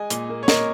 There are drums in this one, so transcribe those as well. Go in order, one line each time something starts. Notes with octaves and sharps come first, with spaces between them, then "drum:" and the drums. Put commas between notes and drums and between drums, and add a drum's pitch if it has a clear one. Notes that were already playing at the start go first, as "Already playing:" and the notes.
Already playing: G#3 D#5 G#5
A#2, drum: hi-hat
A#3
C#5
A#3 A#4 D#5, drum: snare